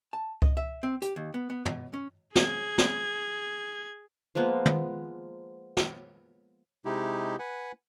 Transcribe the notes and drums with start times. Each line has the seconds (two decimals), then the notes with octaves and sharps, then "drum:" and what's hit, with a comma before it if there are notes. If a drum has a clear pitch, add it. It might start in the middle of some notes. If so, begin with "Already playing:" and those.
0.13 A5
0.42 D#5, drum: kick C#2
0.57 E5
0.83 C4
1.02 G4, drum: hi-hat
1.16 D#2
1.34 B3
1.50 B3
1.65 B2, drum: tom
1.94 C#4
2.35 G#4 G#6, drum: snare
2.78 drum: snare
4.35 F3 G#3 A#3 B3
4.65 drum: tom
5.77 drum: snare
6.85 C3 G#3 D#4 E4 G4
7.39 B4 F#5 G#5